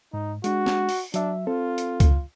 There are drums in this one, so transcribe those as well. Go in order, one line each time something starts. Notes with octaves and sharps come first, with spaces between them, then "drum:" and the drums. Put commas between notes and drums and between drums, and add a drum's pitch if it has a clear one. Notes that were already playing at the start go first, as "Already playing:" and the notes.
G#2 D#4
G#3 D4 F#4, drum: hi-hat
drum: snare
drum: open hi-hat
F#3 D4 E5, drum: hi-hat
C4 F4 A4
drum: hi-hat
drum: kick C#2, hi-hat